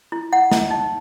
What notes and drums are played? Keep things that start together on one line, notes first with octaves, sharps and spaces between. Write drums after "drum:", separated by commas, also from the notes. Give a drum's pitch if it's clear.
E4
E4 F#5
E4, drum: snare
D#4